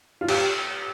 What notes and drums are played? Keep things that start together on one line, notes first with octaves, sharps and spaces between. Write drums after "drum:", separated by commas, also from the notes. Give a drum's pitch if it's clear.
F4
G4, drum: cymbal